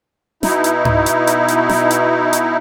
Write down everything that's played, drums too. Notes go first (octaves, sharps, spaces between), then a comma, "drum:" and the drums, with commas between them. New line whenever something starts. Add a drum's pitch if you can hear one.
B2 D#4 E4, drum: snare
drum: hi-hat
drum: tom G#2
drum: hi-hat
drum: hi-hat
drum: hi-hat
drum: snare
drum: hi-hat
drum: hi-hat